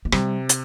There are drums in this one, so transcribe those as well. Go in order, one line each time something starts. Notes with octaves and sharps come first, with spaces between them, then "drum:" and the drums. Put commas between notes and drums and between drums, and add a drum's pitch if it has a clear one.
A3
C3 G3, drum: rim click
drum: hi-hat